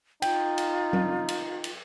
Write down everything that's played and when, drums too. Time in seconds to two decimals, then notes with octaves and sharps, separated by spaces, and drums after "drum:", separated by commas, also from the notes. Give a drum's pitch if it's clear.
0.22 D#4 F4 G5, drum: cymbal
0.58 drum: cymbal
0.93 drum: tom F#3
1.28 drum: cymbal
1.64 drum: cymbal